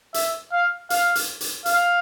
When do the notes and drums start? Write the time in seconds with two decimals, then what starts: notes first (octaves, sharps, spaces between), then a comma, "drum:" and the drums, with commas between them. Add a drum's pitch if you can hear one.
0.14 E5, drum: hi-hat
0.52 F5
0.90 F5, drum: hi-hat
1.15 drum: hi-hat
1.41 drum: hi-hat
1.66 F5, drum: hi-hat